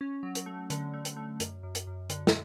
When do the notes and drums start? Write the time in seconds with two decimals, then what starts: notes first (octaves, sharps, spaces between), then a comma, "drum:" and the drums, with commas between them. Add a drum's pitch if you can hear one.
0.01 C#4
0.23 F#3
0.35 drum: hi-hat
0.46 A3
0.70 D3, drum: hi-hat
0.94 A3
1.05 drum: hi-hat
1.17 A3
1.40 F#2, drum: hi-hat
1.63 F#2
1.75 drum: hi-hat
1.87 F#2
2.10 D3, drum: hi-hat
2.27 drum: snare